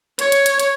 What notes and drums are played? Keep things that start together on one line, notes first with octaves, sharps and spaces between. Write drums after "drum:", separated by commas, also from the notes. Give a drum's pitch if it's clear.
C#5, drum: hi-hat
drum: hi-hat
drum: hi-hat
drum: hi-hat